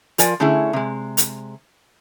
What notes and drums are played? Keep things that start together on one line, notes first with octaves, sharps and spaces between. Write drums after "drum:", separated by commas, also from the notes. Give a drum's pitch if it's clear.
F3 F4 A#4 D5 G#5, drum: hi-hat
D3 A3 C#4 E4 G#4
C3 G#3
drum: hi-hat